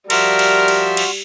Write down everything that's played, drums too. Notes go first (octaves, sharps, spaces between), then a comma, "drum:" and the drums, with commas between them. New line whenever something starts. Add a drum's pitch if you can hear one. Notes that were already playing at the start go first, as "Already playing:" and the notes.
F3 G3 F#4 A#4 E5 C6 F6, drum: cymbal
drum: cymbal
drum: cymbal
drum: cymbal